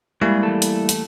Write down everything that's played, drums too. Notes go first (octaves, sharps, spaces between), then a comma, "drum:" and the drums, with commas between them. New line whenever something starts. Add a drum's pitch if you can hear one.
G3 G#3 A#3 E4
E3 A3 A4
drum: hi-hat
drum: hi-hat